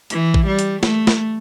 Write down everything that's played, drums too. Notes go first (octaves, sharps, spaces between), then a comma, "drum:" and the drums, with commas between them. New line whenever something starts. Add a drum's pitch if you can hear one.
E3, drum: hi-hat
drum: kick A1
G3
drum: hi-hat
A3, drum: snare
drum: snare